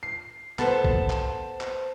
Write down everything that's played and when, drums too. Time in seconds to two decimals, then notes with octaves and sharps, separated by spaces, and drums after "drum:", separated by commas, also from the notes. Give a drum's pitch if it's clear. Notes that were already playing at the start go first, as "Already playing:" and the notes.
0.03 C7
0.59 B3 A4 C5 A5, drum: clap
0.84 drum: kick A#1
1.10 drum: clap
1.61 drum: clap